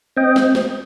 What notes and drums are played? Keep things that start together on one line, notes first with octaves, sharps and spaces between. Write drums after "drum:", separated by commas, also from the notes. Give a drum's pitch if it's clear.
C4 D#5 G5
drum: snare
drum: snare